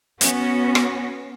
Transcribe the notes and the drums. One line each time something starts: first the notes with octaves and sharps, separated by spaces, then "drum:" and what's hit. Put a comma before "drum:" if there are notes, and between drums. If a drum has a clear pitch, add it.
B3 C#4 F#4, drum: hi-hat
drum: rim click